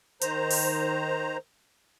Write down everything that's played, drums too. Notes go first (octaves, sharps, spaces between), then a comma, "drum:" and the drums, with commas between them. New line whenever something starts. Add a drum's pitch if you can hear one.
D#3 C5 A#5, drum: hi-hat
drum: open hi-hat